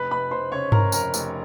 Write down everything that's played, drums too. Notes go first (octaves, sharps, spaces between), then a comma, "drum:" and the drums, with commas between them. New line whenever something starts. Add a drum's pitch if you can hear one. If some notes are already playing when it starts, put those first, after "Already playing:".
Already playing: F1 B4 B5
F1 B4 B5
F1 C5 C6
C#3 C#5 C#6
F1 A#4 A#5, drum: tom G2
F2 A#4 A#5, drum: tambourine
F1, drum: tambourine